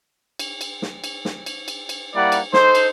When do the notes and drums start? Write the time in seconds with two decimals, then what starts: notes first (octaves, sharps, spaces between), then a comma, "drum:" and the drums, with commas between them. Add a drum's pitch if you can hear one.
0.39 drum: cymbal
0.61 drum: cymbal
0.82 drum: snare
1.04 drum: cymbal
1.25 drum: snare
1.46 drum: cymbal
1.68 drum: cymbal
1.89 drum: cymbal
2.16 G3 A#3 E4 D5 F#5
2.32 drum: cymbal
2.53 D#4 A4 C5, drum: snare
2.75 drum: cymbal